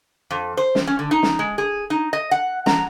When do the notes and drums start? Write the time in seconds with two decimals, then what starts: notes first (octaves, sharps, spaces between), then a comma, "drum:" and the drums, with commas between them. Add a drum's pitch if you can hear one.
0.30 F2
0.57 C5
0.75 drum: snare
0.87 C#4
0.99 D3
1.11 D#4
1.23 drum: snare
1.39 G#3
1.58 G#4
1.90 D#4
2.13 D#5
2.31 F#5
2.66 A#5, drum: snare